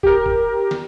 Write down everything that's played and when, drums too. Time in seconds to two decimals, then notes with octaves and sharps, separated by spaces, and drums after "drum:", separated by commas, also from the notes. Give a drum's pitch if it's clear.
0.03 G4 A#4, drum: kick
0.26 drum: kick
0.71 drum: snare